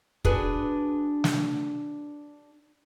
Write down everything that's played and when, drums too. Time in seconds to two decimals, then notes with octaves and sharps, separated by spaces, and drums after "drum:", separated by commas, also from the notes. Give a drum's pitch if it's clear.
0.25 D4 F#4 G#4 B4, drum: kick
1.24 drum: snare